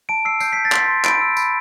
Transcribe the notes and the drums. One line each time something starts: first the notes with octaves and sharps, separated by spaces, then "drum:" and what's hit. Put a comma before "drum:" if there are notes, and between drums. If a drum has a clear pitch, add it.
A5 D7
E6 C7
G6 C7, drum: tambourine
G6 B6
A6
C6 B6, drum: clap
C6
B5 D7, drum: clap
E6
B5, drum: tambourine